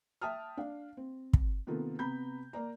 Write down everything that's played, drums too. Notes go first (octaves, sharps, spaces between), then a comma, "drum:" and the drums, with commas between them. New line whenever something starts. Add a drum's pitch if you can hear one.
E5 G5 A5 D#6 F6
D4 F5
C4
drum: kick
C3 D#3 A#3 B3 F4 A4
C3 B3 A#5 B5 G6
A#3 D5 A#5